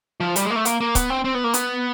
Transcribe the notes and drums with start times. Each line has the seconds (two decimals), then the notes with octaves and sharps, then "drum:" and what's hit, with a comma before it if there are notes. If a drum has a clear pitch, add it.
0.20 F3
0.36 G3, drum: hi-hat
0.45 G#3
0.50 A#3
0.56 A3
0.65 A#3, drum: hi-hat
0.81 A#3
0.95 B3, drum: kick C#1, hi-hat
1.10 C4
1.24 C4
1.35 B3
1.44 A#3
1.54 B3, drum: hi-hat